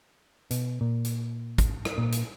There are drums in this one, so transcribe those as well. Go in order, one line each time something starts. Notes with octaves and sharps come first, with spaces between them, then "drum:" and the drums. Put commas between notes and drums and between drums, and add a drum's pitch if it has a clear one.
B2, drum: hi-hat
A#2
drum: hi-hat
drum: kick, hi-hat
drum: rim click
A#2
drum: hi-hat